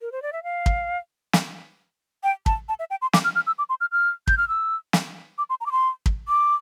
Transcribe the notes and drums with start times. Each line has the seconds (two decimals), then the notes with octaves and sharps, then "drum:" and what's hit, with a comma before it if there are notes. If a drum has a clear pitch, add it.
0.01 A#4
0.12 C5
0.22 D5
0.33 E5
0.43 F5
0.66 drum: kick
1.33 drum: snare
2.23 G5
2.46 A5, drum: kick
2.69 A5
2.79 E5
2.90 G5
3.02 C6
3.13 D6, drum: snare
3.24 F6
3.35 F6
3.47 E6
3.58 D6
3.69 C6
3.81 F6
3.92 F6
4.27 G6, drum: kick
4.37 F6
4.48 E6
4.93 drum: snare
5.38 D6
5.50 C6
5.61 A#5
5.66 D6
5.72 C6
6.06 drum: kick
6.28 D6